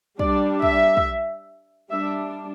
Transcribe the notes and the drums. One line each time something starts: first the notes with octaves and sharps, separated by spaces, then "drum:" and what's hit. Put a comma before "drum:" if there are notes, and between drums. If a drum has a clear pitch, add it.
G3 D4 D5, drum: kick
E5, drum: kick
drum: kick
G3 D4 E5